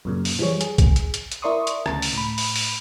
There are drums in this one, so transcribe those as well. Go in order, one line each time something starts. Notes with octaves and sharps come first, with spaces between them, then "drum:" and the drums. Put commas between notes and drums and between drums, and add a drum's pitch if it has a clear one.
F#2 A#2 C#3
drum: open hi-hat
E3 F3 G3 G#4 C#5
G#4, drum: hi-hat
drum: kick, hi-hat
drum: hi-hat
drum: hi-hat
drum: hi-hat
E4 A#4 D5 C6 C#6 D#6
drum: hi-hat
D2 C#3 A#5 A6, drum: rim click
drum: open hi-hat
A2 B5
drum: open hi-hat
drum: open hi-hat